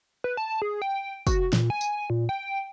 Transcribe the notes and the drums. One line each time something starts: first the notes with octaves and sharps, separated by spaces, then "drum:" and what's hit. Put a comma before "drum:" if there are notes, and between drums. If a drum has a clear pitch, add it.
B4
A5
G#4
G5
F#4, drum: kick, tambourine
A#2, drum: snare
G#5
drum: tambourine
A#2
G5